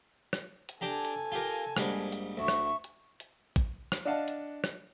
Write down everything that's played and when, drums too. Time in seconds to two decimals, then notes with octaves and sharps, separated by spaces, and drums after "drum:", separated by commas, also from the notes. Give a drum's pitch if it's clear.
0.33 drum: rim click
0.69 drum: hi-hat
0.81 D4 G4 A4 G#5 A#5
1.05 drum: hi-hat
1.32 F4 G4 A#4
1.77 A#1 G#2 G3, drum: rim click
2.12 drum: hi-hat
2.37 D2 E5 C#6
2.48 drum: rim click
2.84 drum: hi-hat
3.20 drum: hi-hat
3.56 drum: kick, hi-hat
3.92 drum: rim click
4.05 D4 D#5 F5 F#5 A5
4.28 drum: hi-hat
4.64 drum: rim click